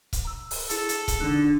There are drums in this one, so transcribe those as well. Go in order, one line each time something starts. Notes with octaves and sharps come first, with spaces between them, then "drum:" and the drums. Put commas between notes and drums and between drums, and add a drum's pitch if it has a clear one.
drum: kick, hi-hat
A#5 E6
drum: open hi-hat
E4 G#4 A4, drum: hi-hat
drum: hi-hat
drum: kick, hi-hat
D3 D4 D#4 F#6